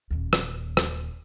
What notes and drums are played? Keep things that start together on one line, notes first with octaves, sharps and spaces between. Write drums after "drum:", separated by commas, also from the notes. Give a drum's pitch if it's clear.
D#1 D#2
drum: rim click
drum: rim click